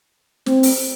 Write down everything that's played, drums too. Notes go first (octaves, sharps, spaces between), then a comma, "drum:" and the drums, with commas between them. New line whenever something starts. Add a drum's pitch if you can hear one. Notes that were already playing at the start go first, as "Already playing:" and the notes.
C4, drum: snare
drum: open hi-hat